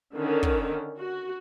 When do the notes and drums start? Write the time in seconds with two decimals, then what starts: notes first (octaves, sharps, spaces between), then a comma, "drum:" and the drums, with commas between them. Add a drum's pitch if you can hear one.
0.14 D3 D#3 C#4
0.43 drum: kick
0.98 F#4